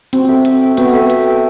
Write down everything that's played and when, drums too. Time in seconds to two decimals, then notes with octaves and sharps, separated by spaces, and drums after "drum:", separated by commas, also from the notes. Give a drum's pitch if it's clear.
0.13 C4 F#4, drum: hi-hat
0.29 A4 E5 G5
0.45 F#4, drum: hi-hat
0.62 A4 E5 G5
0.77 B3 F#4, drum: hi-hat
0.94 A4 E5 G5
1.10 F#4, drum: hi-hat
1.26 A4 E5 G5